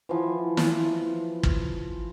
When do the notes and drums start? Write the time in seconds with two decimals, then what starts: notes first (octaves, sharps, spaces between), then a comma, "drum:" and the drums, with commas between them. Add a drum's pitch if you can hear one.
0.09 E3 F3
0.57 drum: snare
1.43 drum: kick